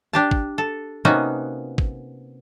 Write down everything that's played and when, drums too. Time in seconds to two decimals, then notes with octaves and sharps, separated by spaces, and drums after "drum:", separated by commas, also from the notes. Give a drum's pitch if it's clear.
0.13 D4 G4 A5
0.31 drum: kick
0.58 A4
1.05 C3 A#3 B3 C#4 D#4 F#4
1.78 drum: kick